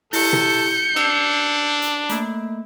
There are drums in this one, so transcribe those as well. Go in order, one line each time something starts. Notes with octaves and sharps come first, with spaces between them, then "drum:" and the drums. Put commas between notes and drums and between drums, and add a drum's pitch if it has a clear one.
E4 G4 A4 G6 C#7, drum: open hi-hat
drum: tom
D4 E6 C7, drum: cymbal
drum: hi-hat
A3 A#3, drum: hi-hat